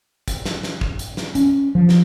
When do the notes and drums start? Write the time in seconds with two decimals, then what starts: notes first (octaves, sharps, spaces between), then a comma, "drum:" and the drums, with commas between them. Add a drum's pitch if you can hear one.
0.28 drum: kick, hi-hat
0.45 drum: snare
0.63 drum: snare
0.81 drum: kick
0.99 drum: hi-hat
1.17 drum: snare
1.35 C#4, drum: hi-hat
1.75 F3
1.89 drum: snare